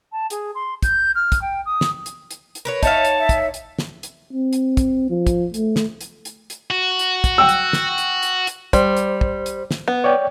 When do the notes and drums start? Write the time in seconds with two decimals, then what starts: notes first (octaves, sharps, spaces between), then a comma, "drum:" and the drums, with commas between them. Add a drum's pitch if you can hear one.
0.12 A5
0.30 G#4, drum: hi-hat
0.54 C6
0.83 G6, drum: kick, hi-hat
1.15 F6
1.32 drum: kick, hi-hat
1.41 G5
1.65 D#6
1.81 drum: snare
2.06 drum: hi-hat
2.31 drum: hi-hat
2.55 drum: hi-hat
2.65 A#4 B4 C#5
2.83 D#4 C#5 E5 F5 A5, drum: kick, hi-hat
3.05 drum: hi-hat
3.19 E5
3.29 drum: kick, hi-hat
3.54 drum: hi-hat
3.79 drum: snare
4.03 drum: hi-hat
4.33 C4
4.53 drum: hi-hat
4.77 drum: kick, hi-hat
5.10 F3
5.27 drum: kick, hi-hat
5.54 A3, drum: hi-hat
5.76 drum: snare
6.01 drum: hi-hat
6.25 drum: hi-hat
6.50 drum: hi-hat
6.71 F#4
6.99 drum: hi-hat
7.24 drum: kick, hi-hat
7.38 G5 E6
7.49 drum: hi-hat
7.73 drum: snare
7.98 drum: hi-hat
8.23 drum: hi-hat
8.47 drum: hi-hat
8.73 G3 C5, drum: kick, hi-hat
8.97 drum: hi-hat
9.21 drum: kick
9.46 drum: hi-hat
9.71 drum: snare
9.88 B3
10.04 C#5 D5 G5